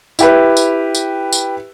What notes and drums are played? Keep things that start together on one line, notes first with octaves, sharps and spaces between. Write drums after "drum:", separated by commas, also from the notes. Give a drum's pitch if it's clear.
E4 G4 B4, drum: tambourine
drum: tambourine
drum: tambourine
drum: tambourine